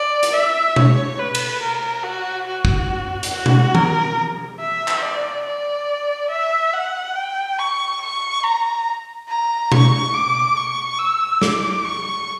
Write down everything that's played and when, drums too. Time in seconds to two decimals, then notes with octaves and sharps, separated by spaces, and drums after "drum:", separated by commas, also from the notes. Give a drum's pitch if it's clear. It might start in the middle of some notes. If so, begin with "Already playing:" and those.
Already playing: D5
0.23 drum: hi-hat
0.33 E5
0.76 C#5, drum: tom B2
1.19 B4
1.35 drum: cymbal
1.62 A#4
2.04 F#4
2.47 F#4
2.65 drum: kick
3.23 drum: hi-hat
3.32 F#4
3.46 drum: tom B2
3.75 A#4, drum: tom D#3
4.60 E5
4.88 drum: clap
5.02 D5
5.45 D5
6.30 E5
6.73 F#5
7.16 G5
7.59 C#6
8.01 C#6
8.44 A#5
9.29 A#5
9.72 C#6, drum: tom B2
10.14 D6
10.57 C#6
10.99 E6
11.42 D6, drum: snare
11.85 C#6